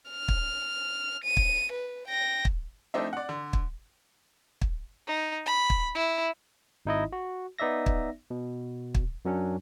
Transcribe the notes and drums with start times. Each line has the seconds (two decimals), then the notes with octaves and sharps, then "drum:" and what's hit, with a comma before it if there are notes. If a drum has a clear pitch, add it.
0.10 F6
0.28 drum: kick
1.24 D#7
1.37 drum: kick
1.72 B4
2.08 G5 A#6
2.45 drum: kick
2.94 F3 A3 C4 D4 D#4 E5
3.13 D5 F#5
3.29 D3
3.53 drum: kick
4.61 drum: kick
5.07 D#4
5.46 B5
5.70 drum: kick
5.95 E4
6.86 G#1 D#4 E4 D#5
7.12 F#4
7.59 B3 D#4 D5 E5 A#6
7.86 drum: kick
8.30 B2
8.95 drum: kick
9.25 F#2 F#3 C#4 D4